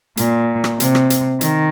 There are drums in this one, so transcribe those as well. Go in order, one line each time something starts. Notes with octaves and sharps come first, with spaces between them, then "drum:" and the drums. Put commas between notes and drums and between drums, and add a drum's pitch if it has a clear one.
A#2, drum: hi-hat
drum: rim click
C3, drum: hi-hat
drum: rim click
drum: hi-hat
D#3, drum: hi-hat